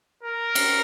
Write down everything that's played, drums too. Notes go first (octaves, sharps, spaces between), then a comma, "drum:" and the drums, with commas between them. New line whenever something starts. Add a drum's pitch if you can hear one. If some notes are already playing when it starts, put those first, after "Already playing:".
A#4
drum: cymbal